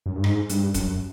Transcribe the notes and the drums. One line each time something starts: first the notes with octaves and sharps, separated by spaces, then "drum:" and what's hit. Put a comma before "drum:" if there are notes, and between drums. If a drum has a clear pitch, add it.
F#2
G2
G#2, drum: rim click
G2, drum: hi-hat
F#2, drum: kick, hi-hat